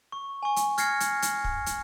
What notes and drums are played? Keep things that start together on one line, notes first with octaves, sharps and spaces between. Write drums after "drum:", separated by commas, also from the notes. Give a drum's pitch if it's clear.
C#6
G#5 C#6
drum: hi-hat
F6 G#6 A#6 C7 C#7, drum: hi-hat
drum: hi-hat
drum: hi-hat
drum: kick
drum: hi-hat